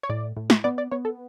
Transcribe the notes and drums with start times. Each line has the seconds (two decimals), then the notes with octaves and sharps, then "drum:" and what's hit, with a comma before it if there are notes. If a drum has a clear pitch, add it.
0.03 C#5
0.10 A2 D5
0.37 A2
0.50 drum: snare
0.64 B3 D5
0.78 D5
0.91 B3 C#5
1.05 A4